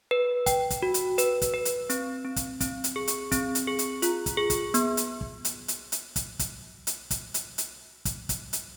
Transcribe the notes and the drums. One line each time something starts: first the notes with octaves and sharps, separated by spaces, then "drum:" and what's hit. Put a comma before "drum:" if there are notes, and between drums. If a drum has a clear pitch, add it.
B4
G5, drum: kick, hi-hat
drum: kick, hi-hat
F#4
drum: hi-hat
B4, drum: hi-hat
drum: kick, hi-hat
B4
drum: hi-hat
C4, drum: hi-hat
C4
drum: kick, hi-hat
C4, drum: kick, hi-hat
drum: hi-hat
G#4
drum: hi-hat
C4, drum: kick, hi-hat
drum: hi-hat
G#4
drum: hi-hat
F4, drum: hi-hat
drum: kick, hi-hat
G#4
drum: kick, hi-hat
B3, drum: hi-hat
drum: hi-hat
drum: kick
drum: hi-hat
drum: hi-hat
drum: hi-hat
drum: kick, hi-hat
drum: kick, hi-hat
drum: hi-hat
drum: kick, hi-hat
drum: hi-hat
drum: hi-hat
drum: kick, hi-hat
drum: kick, hi-hat
drum: hi-hat